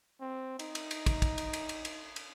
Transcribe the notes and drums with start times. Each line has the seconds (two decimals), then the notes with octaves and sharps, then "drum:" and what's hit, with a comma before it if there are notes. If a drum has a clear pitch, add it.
0.21 C4
0.59 D#4, drum: cymbal
0.75 drum: cymbal
0.91 drum: cymbal
1.06 drum: kick, cymbal
1.22 drum: kick, cymbal
1.38 drum: cymbal
1.53 drum: cymbal
1.69 drum: cymbal
1.85 drum: cymbal
2.16 drum: cymbal